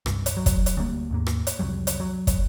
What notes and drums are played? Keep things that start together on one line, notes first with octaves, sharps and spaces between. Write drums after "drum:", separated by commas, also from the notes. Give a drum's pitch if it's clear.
C2 G2, drum: rim click
drum: hi-hat
F#3
drum: kick, hi-hat
drum: hi-hat
D2 G3 A#3
D#2 G#2 A#3
drum: rim click
drum: hi-hat
C2 F2 F#3 G3
drum: hi-hat
F#3
drum: kick, hi-hat